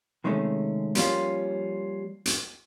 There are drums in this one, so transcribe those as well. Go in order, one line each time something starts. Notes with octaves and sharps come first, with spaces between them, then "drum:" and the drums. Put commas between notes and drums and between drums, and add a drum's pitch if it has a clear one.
C3 D#3 G#3 A3 C#4
F3 G3 A#3 C#4 F4, drum: hi-hat
drum: hi-hat